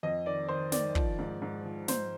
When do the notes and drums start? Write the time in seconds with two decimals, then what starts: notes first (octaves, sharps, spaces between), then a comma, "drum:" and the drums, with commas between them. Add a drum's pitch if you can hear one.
0.03 F2 D#5
0.26 D#3 D5
0.49 D#3 C5
0.72 D#3 D5, drum: snare
0.95 F3, drum: kick
1.19 G#2
1.42 G#2
1.65 F3
1.88 G#2 C5, drum: snare